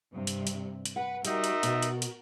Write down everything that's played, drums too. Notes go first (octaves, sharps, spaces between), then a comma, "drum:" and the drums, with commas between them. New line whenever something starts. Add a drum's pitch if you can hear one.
G2 C3
drum: hi-hat
drum: hi-hat
drum: hi-hat
B4 F#5
G3 D#4 F#4 A#4 E5, drum: hi-hat
drum: hi-hat
B2, drum: hi-hat
drum: hi-hat
drum: hi-hat